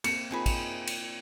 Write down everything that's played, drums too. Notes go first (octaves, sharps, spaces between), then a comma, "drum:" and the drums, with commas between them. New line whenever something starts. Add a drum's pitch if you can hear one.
A#3 C4 C#7, drum: cymbal
C4 D#4 F4 G#4 A#4 B5
drum: kick, cymbal
drum: cymbal